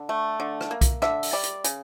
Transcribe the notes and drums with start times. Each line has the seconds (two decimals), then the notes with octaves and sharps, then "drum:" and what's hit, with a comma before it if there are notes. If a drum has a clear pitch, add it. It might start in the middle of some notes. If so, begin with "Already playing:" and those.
Already playing: D3
0.09 A3
0.40 D3
0.61 drum: rim click
0.71 A#3
0.81 drum: kick B1, hi-hat
1.02 D3 E5, drum: rim click
1.23 drum: open hi-hat
1.33 G3 D5
1.43 drum: hi-hat
1.64 C#3, drum: hi-hat